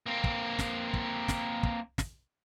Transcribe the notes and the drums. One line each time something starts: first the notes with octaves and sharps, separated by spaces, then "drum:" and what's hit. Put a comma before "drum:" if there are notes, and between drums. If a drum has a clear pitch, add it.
A#3 C4
drum: kick
drum: snare
drum: kick
drum: snare
drum: kick
drum: snare